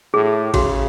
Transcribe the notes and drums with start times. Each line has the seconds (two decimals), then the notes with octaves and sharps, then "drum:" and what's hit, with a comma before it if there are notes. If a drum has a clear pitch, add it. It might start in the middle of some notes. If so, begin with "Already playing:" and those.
0.14 A2 G#4
0.54 C#3 F#4, drum: kick A1, cymbal